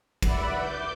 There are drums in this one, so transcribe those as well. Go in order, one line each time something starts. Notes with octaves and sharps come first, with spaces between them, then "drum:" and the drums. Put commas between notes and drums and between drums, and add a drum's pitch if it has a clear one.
B4 D5 E5 F#5 B5, drum: kick, cymbal
D6 G6